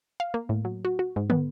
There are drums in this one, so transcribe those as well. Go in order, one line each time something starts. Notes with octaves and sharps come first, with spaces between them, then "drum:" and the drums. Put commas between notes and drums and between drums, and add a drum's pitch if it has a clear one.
F5
A#3
A2
F#3
F#4
F#4
G#2
B3, drum: tom